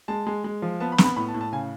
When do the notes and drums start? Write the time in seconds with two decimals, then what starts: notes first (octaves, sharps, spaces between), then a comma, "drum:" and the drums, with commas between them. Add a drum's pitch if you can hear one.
0.08 G#3 A5
0.27 G#3
0.44 G#3
0.62 F3
0.80 B3 A5
0.92 B5
0.98 B3, drum: snare
1.04 B5
1.16 A2 B5
1.28 A5
1.34 A2
1.41 A5
1.52 C#3 G#5